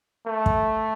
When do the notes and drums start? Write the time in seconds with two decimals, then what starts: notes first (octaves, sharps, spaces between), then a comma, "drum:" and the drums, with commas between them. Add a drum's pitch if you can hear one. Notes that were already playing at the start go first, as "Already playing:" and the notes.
0.27 A3
0.46 drum: kick